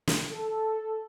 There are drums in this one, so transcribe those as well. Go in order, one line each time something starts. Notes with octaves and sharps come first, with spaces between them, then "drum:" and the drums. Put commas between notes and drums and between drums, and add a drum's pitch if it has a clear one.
drum: snare
A4